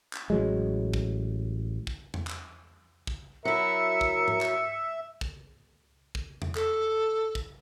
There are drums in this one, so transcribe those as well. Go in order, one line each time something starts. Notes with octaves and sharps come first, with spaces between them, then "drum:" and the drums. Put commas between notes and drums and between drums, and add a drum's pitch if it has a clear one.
drum: clap
A1 F#3 G#3
drum: kick
drum: kick
drum: tom E2
drum: clap
drum: kick
F#3 E4 A#4 E5 C#7
drum: kick
drum: tom G#2
drum: clap
drum: kick
drum: kick
drum: tom E2
A4, drum: clap
drum: kick